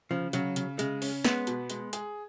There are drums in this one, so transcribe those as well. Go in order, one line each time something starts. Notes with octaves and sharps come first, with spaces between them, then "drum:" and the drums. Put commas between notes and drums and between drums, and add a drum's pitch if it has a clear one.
C#3 F3
C#3 F#3, drum: hi-hat
C#3, drum: hi-hat
C#3 G#3, drum: hi-hat
C#4, drum: open hi-hat
G#3 B3, drum: snare
B2, drum: hi-hat
G#3, drum: hi-hat
G#4, drum: hi-hat